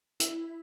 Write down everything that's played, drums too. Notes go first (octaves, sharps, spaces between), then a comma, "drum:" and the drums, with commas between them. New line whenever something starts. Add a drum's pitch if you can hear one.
E4, drum: hi-hat